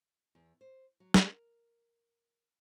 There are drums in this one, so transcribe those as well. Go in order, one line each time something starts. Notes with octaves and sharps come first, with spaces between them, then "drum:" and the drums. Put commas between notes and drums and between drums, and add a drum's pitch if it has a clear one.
E2
C5
F#3
A#4, drum: snare